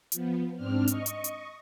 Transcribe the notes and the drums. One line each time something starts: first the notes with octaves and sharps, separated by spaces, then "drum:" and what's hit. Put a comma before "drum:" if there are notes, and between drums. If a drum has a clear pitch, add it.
F3 B3, drum: hi-hat
G#2 C4 D4 F6
D#5 C#6, drum: hi-hat
drum: hi-hat
drum: hi-hat